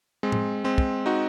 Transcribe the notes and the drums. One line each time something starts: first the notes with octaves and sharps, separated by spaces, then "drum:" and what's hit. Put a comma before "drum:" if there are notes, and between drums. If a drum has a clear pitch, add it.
G#3 C4
drum: tom A2
G#3 C4
drum: kick
D#4 F#4